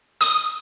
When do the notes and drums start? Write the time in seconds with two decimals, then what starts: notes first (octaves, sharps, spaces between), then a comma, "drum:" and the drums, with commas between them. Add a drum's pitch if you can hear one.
0.21 D#6, drum: hi-hat